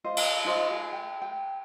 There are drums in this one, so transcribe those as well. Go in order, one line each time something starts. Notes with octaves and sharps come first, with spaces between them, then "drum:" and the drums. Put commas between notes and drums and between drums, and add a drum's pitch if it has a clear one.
F4 C5 D#5
drum: cymbal
D#4 F4 C5 D#5
G#4
G5
G5